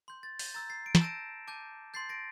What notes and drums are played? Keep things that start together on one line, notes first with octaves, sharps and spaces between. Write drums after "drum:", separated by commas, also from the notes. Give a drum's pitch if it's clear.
C6 G6
A6
G6, drum: open hi-hat
A#5 E6 G6 A6
A6 C7
D7
E7, drum: snare
A5 E6 G6 A#6 D7
A5 D6 G6
C6 G6 A6 C7
A#6 D7